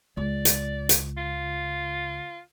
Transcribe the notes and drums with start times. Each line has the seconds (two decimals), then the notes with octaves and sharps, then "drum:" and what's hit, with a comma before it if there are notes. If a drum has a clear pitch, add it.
0.17 C#2 D5
0.45 drum: hi-hat
0.89 drum: hi-hat
1.17 F4